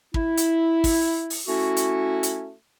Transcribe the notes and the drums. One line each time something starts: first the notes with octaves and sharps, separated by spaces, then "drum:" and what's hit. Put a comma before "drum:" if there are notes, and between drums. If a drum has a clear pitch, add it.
E4, drum: kick
drum: hi-hat
drum: kick, open hi-hat
drum: open hi-hat
A3 C#4 E4 F#4
drum: hi-hat
drum: hi-hat